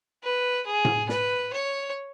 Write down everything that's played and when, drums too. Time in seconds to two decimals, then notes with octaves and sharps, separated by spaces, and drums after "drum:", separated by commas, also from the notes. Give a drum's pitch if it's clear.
0.23 B4
0.66 G#4
0.85 drum: tom A2
1.09 B4, drum: snare
1.52 C#5